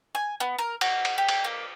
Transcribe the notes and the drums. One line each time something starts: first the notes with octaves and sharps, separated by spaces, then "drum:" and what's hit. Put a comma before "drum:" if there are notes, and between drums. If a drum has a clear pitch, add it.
G#5
B3
A#4
F#4, drum: cymbal
drum: cymbal
G4
drum: cymbal
A#3